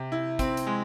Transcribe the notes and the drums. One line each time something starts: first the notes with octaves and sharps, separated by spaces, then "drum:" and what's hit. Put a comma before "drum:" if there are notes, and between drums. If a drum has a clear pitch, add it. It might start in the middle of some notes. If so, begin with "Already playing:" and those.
Already playing: C3
E4
C4, drum: kick, hi-hat
drum: hi-hat
G#3